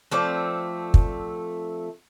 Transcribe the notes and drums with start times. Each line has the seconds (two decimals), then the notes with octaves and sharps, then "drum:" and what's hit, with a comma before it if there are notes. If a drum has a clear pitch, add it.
0.12 F3 A3 C4 D5
0.94 drum: kick